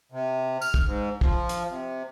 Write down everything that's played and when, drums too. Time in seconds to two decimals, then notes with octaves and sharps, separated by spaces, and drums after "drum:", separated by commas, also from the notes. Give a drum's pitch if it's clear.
0.12 C3
0.62 F6, drum: tambourine
0.74 drum: kick
0.86 G#2
1.21 F3, drum: kick
1.49 drum: hi-hat
1.70 C3